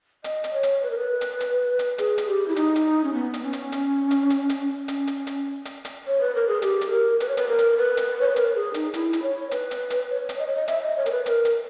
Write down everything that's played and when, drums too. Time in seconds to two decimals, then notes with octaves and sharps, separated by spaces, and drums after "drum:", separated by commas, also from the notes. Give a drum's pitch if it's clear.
0.24 D#5, drum: hi-hat
0.44 drum: hi-hat
0.53 C#5
0.63 drum: hi-hat
0.83 B4
0.91 A#4
0.98 B4
1.21 drum: hi-hat
1.40 drum: hi-hat
1.79 drum: hi-hat
1.98 G#4, drum: hi-hat
2.18 drum: hi-hat
2.28 G4
2.48 E4
2.56 D#4, drum: hi-hat
2.76 drum: hi-hat
3.04 C#4
3.14 B3
3.34 drum: hi-hat
3.43 C#4
3.53 drum: hi-hat
3.72 drum: hi-hat
4.11 drum: hi-hat
4.30 drum: hi-hat
4.49 drum: hi-hat
4.88 C#4, drum: hi-hat
5.07 drum: hi-hat
5.27 drum: hi-hat
5.65 drum: hi-hat
5.85 drum: hi-hat
6.07 C#5
6.21 B4
6.35 A#4
6.48 G#4
6.62 G4, drum: hi-hat
6.81 drum: hi-hat
6.91 A#4
7.20 B4, drum: hi-hat
7.29 C#5
7.37 B4, drum: hi-hat
7.48 A#4
7.59 drum: hi-hat
7.78 B4
7.97 drum: hi-hat
8.21 C#5
8.28 B4
8.36 A#4, drum: hi-hat
8.55 G#4
8.74 D#4, drum: hi-hat
8.94 E4, drum: hi-hat
9.13 drum: hi-hat
9.23 C#5
9.51 B4, drum: hi-hat
9.71 drum: hi-hat
9.90 drum: hi-hat
10.10 C#5
10.29 drum: hi-hat
10.39 D#5
10.47 C#5
10.56 D#5
10.68 E5, drum: hi-hat
10.82 D#5
10.97 C#5
11.06 A#4, drum: hi-hat
11.11 B4
11.26 A#4, drum: hi-hat
11.45 drum: hi-hat